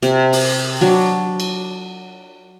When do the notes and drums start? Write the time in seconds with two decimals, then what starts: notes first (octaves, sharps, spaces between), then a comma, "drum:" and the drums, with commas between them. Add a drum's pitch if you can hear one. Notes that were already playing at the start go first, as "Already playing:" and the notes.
0.02 C3, drum: hi-hat
0.33 drum: open hi-hat
0.81 F#3 D4
1.40 drum: cymbal